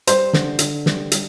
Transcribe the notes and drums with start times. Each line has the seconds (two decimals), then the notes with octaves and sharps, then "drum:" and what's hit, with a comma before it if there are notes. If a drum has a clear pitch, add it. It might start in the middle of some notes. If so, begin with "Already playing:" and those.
0.07 G3 C5, drum: hi-hat
0.33 D3, drum: snare
0.59 D3, drum: hi-hat
0.86 G3, drum: snare
1.12 G3, drum: hi-hat